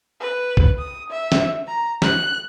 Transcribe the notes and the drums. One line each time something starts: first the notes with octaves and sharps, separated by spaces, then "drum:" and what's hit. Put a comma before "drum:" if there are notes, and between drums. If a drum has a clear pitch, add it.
B4
drum: kick
D#6
E5
drum: snare
A#5
F#6, drum: snare